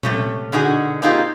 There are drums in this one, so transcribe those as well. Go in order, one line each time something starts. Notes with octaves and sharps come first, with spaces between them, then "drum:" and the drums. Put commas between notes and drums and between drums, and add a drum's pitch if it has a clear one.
C3 A3 C#4, drum: tom A#2
B2 D3 D#4 F#4 G#4
A#3 C4 D#4 F4 G4 G#4